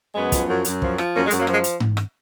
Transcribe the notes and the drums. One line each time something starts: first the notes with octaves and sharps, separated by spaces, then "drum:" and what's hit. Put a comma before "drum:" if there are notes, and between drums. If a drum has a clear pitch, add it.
F#2 G#3 B3
F3, drum: kick, hi-hat
F#2
F#2, drum: hi-hat
F3, drum: kick
F3, drum: rim click
F#2 A#3 C#4
G#3
F#2, drum: hi-hat
F#3 A#3
F3 G#3, drum: rim click
drum: hi-hat
drum: tom G#2
drum: rim click